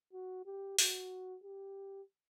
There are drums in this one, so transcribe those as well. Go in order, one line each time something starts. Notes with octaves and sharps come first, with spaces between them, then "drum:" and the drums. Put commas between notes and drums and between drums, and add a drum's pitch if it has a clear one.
F#4
G4
F#4, drum: open hi-hat
G4